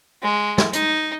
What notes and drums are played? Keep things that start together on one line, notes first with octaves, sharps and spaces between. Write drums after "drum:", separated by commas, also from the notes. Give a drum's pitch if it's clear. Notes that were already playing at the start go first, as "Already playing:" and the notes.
G#3
drum: snare
D#4, drum: hi-hat